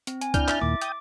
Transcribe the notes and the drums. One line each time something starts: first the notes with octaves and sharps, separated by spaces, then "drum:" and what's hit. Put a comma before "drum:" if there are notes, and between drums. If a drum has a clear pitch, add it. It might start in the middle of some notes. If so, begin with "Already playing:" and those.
C4, drum: hi-hat
G#5, drum: hi-hat
D4 E4 F6 G6, drum: kick, hi-hat
E5 A6, drum: clap
D#2 A#2 D6
G5 D#6, drum: hi-hat